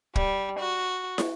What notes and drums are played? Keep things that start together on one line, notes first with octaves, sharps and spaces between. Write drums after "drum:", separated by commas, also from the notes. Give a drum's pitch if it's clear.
G3, drum: kick
F#4
drum: snare